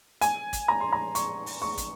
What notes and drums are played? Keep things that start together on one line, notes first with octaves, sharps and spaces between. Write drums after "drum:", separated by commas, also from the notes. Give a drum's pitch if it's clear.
G#5, drum: hi-hat
drum: kick, hi-hat
A#5
C6
A#5
C#6, drum: hi-hat
drum: open hi-hat
C#6
drum: kick, hi-hat